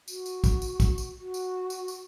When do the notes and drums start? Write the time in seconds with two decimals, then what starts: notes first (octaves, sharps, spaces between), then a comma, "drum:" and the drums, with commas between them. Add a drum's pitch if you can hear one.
0.08 F#4, drum: tambourine
0.26 drum: tambourine
0.44 drum: kick, tambourine
0.62 drum: tambourine
0.80 drum: kick, tambourine
0.98 drum: tambourine
1.19 F#4
1.34 drum: tambourine
1.70 drum: tambourine
1.88 drum: tambourine